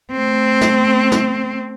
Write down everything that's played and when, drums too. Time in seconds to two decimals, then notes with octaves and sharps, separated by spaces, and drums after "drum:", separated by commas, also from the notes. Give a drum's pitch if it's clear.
0.11 A3 C4
0.61 drum: snare
1.12 drum: snare